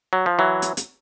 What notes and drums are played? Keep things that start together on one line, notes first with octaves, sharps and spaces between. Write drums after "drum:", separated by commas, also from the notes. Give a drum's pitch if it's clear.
F#3
F3
E3 F#3
drum: hi-hat
drum: hi-hat